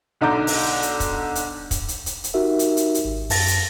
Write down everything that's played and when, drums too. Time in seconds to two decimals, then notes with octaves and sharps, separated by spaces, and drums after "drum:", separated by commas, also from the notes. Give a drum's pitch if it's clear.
0.21 B1 D3 D#4 A#5 D6 G6
0.47 drum: open hi-hat
0.82 drum: hi-hat
1.00 drum: kick, hi-hat
1.35 drum: hi-hat
1.71 drum: kick, hi-hat
1.88 drum: hi-hat
2.06 drum: hi-hat
2.24 drum: hi-hat
2.34 D#4 F#4 G4 A#4 E5
2.59 drum: hi-hat
2.77 drum: hi-hat
2.95 drum: hi-hat
3.05 G#1
3.30 F#2 A5 A6 A#6, drum: open hi-hat
3.48 drum: hi-hat